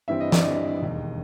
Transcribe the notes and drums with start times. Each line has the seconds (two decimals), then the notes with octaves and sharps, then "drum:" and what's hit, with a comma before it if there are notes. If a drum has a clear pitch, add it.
0.08 G2 E3 G3 C4 E5
0.20 D#5
0.32 D5, drum: snare
0.45 D#5
0.82 E1 D#2 D#3